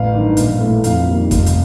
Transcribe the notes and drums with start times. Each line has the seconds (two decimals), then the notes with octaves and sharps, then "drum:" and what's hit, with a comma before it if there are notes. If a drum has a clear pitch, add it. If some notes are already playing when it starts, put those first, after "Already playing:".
Already playing: A1 F5
0.14 G2 D#3
0.37 A#1, drum: hi-hat
0.60 A2 A3
0.84 F2 F5, drum: hi-hat
1.08 D#3 G3 A#3
1.31 F1, drum: kick, hi-hat
1.46 drum: hi-hat